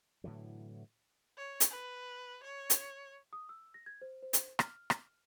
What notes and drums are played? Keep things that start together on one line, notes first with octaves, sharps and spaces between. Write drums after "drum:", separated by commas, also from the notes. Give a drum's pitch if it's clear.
A2 D3 E3 F#3
C#5
drum: hi-hat
B4
C#5
drum: hi-hat
D#6
E6
A#6
G#6
C5
C5
drum: hi-hat
F6, drum: rim click
drum: rim click